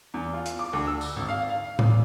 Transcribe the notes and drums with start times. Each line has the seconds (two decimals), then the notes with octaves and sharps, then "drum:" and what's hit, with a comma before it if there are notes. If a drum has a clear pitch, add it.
0.14 E2
0.33 F4
0.46 drum: hi-hat
0.59 D6
0.73 D2
0.87 E6
1.01 drum: tambourine
1.16 G#1
1.28 F5
1.49 F5
1.79 E2, drum: tom A2